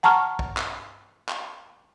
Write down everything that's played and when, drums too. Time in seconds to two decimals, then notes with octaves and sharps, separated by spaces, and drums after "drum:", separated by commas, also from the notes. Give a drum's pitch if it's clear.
0.03 F#5 A5 A#5 C#6 F6
0.39 drum: kick
0.57 drum: clap
1.29 drum: clap